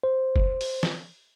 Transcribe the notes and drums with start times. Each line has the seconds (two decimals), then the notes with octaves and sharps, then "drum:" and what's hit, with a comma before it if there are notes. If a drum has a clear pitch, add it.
0.04 C5
0.36 drum: kick
0.61 drum: open hi-hat
0.83 drum: snare